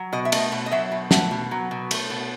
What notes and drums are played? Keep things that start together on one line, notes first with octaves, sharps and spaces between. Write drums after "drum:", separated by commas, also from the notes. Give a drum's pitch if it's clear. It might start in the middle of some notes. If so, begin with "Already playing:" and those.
Already playing: F#3
B2 D#5
E5
A3 D#5, drum: cymbal
B2
D#5
F#3 E5
B2
A3 F#5, drum: snare
B2
F#3
B2
A3, drum: cymbal
B2